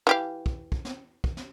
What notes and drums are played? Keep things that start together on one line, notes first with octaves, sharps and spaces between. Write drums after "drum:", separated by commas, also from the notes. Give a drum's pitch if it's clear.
E3 G4 F5
drum: kick
drum: kick
drum: snare
drum: kick
drum: snare